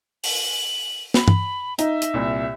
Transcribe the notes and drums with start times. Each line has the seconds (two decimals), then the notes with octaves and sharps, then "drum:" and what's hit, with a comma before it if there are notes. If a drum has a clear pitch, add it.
0.24 F#7, drum: open hi-hat
1.14 B5, drum: snare
1.28 drum: tom G2
1.79 D#4 E5, drum: hi-hat
2.02 drum: hi-hat
2.14 C2 A#2